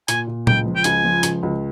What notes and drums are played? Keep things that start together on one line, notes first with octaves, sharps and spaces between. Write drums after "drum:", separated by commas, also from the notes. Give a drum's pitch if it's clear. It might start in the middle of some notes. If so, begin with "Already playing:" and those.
A#2 G#5, drum: hi-hat
A#2
C#2 G5, drum: tom A#2
F3
G5
C#2 G#5, drum: hi-hat
F3
C#2, drum: hi-hat
C#2